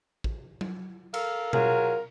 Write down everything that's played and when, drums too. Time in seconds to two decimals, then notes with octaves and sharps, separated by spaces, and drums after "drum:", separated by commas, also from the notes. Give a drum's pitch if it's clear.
0.24 drum: kick
0.61 drum: tom F#3
1.14 A4 A#4 F5, drum: cymbal
1.53 F#3 F4 G#4 A#4, drum: tom B2